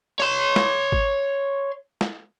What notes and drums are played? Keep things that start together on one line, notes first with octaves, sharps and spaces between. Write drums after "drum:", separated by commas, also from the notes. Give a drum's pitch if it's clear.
C#5 C6
drum: snare
drum: kick G#1
drum: snare